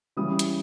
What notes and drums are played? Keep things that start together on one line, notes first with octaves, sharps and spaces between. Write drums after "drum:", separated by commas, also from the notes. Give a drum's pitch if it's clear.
C#3 E3 G3 D#6
drum: hi-hat